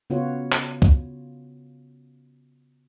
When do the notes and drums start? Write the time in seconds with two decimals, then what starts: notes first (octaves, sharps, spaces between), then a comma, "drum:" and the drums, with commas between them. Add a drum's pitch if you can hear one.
0.10 C#3 B3 F4 F#4 C#5
0.52 drum: clap
0.82 drum: kick